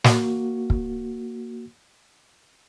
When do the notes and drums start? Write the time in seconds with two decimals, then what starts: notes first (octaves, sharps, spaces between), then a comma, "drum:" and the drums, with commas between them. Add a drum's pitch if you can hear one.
0.04 A#3 F#4, drum: snare
0.70 drum: kick